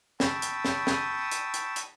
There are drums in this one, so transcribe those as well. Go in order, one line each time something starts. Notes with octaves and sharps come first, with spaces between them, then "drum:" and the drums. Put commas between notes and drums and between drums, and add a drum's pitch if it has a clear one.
G5 A5 B5 C#6 D#6 E6, drum: snare
drum: hi-hat
drum: snare
drum: snare
drum: hi-hat
drum: hi-hat
drum: hi-hat